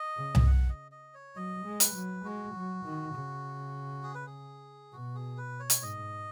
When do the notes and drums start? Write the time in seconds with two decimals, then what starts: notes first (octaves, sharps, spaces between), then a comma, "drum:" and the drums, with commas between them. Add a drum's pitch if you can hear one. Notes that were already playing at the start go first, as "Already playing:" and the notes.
Already playing: D#5
0.17 C#3
0.35 drum: tom C2
0.47 F#5
0.69 D#5
0.92 D#5
1.14 C#5
1.35 F#3 D#5
1.65 G#3
1.80 B4, drum: hi-hat
1.95 F#3
2.25 G#3 F#4
2.55 F#3
2.85 D#3
3.15 C#3
4.03 G#4
4.15 B4
4.26 G#4
4.93 B2 F#4
5.15 G#4
5.38 B4
5.60 C#5
5.70 drum: hi-hat
5.82 G#2 D#5